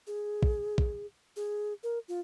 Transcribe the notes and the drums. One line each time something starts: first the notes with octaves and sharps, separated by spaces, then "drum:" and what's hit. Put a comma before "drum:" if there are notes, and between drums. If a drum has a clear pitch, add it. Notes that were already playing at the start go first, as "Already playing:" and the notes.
G#4
drum: kick
drum: kick
G#4
A#4
F4